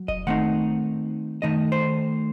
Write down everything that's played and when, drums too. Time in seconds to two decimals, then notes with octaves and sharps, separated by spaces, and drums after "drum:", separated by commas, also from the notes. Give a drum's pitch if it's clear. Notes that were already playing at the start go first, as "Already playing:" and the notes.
Already playing: F#3
0.08 D#5, drum: kick F1
0.27 D#3 A3 C4 D#4 F#5
1.42 D#3 A3 D#4 D#5
1.72 C5